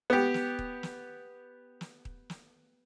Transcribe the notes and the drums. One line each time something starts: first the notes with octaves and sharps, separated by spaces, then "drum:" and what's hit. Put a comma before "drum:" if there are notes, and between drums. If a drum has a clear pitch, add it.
B3 G4
drum: snare
drum: kick D#1
drum: snare
drum: snare
drum: kick D#1
drum: snare